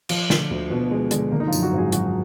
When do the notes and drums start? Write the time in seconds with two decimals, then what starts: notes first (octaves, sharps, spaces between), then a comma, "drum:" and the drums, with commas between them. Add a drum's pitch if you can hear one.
0.09 F3 F4, drum: cymbal
0.30 D3, drum: snare
0.51 D2
0.70 D2 B2 B3
0.91 F3 G#3
1.11 D3 G#3, drum: hi-hat
1.32 D3 A#3
1.40 D#4
1.47 F3 F4
1.53 F#2, drum: tambourine
1.62 F#3 F#4
1.73 G#1 G#3 G#4
1.92 F#3 F#4, drum: hi-hat